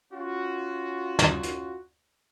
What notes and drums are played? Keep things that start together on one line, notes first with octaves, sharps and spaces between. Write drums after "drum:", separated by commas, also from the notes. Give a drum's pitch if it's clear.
C#4 F4 F#4
drum: snare
drum: hi-hat